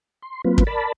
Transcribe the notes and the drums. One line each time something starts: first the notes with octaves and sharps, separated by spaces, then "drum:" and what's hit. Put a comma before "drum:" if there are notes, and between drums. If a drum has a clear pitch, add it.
C6
F#3 A#3 C4 F4 B4
drum: kick
A#4 D5 A5 B5